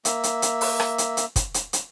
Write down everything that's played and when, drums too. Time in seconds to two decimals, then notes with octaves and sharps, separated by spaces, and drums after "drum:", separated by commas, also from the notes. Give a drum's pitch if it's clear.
0.05 A#3 E5, drum: hi-hat
0.24 drum: hi-hat
0.42 drum: hi-hat
0.61 drum: open hi-hat
0.80 drum: rim click
0.98 drum: hi-hat
1.17 drum: hi-hat
1.36 drum: kick, hi-hat
1.54 drum: hi-hat
1.73 drum: hi-hat